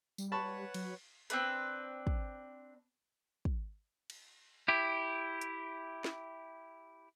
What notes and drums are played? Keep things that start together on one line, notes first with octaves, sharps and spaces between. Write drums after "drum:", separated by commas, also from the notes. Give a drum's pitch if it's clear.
G3, drum: tambourine
B4 C#5 F#5 A5 B5 C#6
F#3, drum: cymbal
C4 D4 B4, drum: hi-hat
drum: kick
drum: kick
drum: cymbal
E4 G4
drum: hi-hat
drum: snare